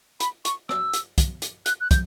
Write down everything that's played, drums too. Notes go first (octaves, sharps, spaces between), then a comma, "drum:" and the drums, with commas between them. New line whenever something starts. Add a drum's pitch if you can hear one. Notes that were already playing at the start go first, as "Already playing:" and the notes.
B5, drum: hi-hat
C#6, drum: hi-hat
E6, drum: rim click
drum: hi-hat
drum: kick, hi-hat
drum: hi-hat
F#6, drum: hi-hat
F#6
G6, drum: kick, hi-hat